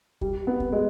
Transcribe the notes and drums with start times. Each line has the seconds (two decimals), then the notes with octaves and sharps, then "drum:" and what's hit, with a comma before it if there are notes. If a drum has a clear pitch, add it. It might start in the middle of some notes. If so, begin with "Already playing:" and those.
0.21 G3, drum: kick
0.47 B3
0.60 drum: kick
0.72 G#3